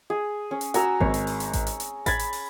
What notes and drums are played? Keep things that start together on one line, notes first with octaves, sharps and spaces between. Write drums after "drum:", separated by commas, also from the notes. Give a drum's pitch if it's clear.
G#4
C#4
drum: hi-hat
F#4 G#5 A#5 E6, drum: hi-hat
G#1 C#5, drum: kick A1
drum: hi-hat
drum: open hi-hat
drum: hi-hat
drum: kick A1, hi-hat
drum: hi-hat
drum: hi-hat
B5 G#6 A6, drum: kick A1, hi-hat
drum: hi-hat
drum: open hi-hat